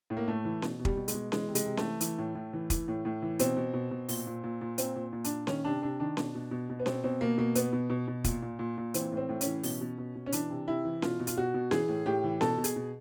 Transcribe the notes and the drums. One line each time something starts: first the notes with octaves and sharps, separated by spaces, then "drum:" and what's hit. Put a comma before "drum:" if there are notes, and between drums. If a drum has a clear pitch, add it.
A2
A#3
A2 A3
E3
B2, drum: snare C#4
B2
G3, drum: kick
B2
G#3, drum: hi-hat
B2
E3 G#3, drum: snare C#4
C3
G#3, drum: hi-hat
C3
A3, drum: snare C#4
E3
E3, drum: hi-hat
A2
A2
E3
E3, drum: kick, hi-hat
A2
A2
E3
B2 C4, drum: hi-hat
B2
B2
B2
A#2, drum: open hi-hat
A#2
A#2
A#2
A#2 C4, drum: hi-hat
A#2
A#2
D4, drum: hi-hat
A#2
D#3 C#4, drum: snare C#4
C3 D4
C3 D4
D#3 D4
B2, drum: snare C#4
B2
B2
B2
B3
B2 C4, drum: snare C#4
B2 C4
B2 A#3
B2 A#3
B2 B3, drum: hi-hat
B2
B2
B2
A#2, drum: kick, hi-hat
A#2
A#2
A#2
E3 C4, drum: hi-hat
A2 C4
A2
C#4, drum: hi-hat
E3
B2, drum: open hi-hat
B2
B2
B2
C#4
E3 D4, drum: hi-hat
C3
C3 E4
E3
B2 F4, drum: snare C#4
B2
F4, drum: hi-hat
B2 F#4
B2
E3 G#4, drum: snare C#4
A2
A2 G4
E3
B2 A4, drum: snare C#4
B2
G#4, drum: hi-hat
B2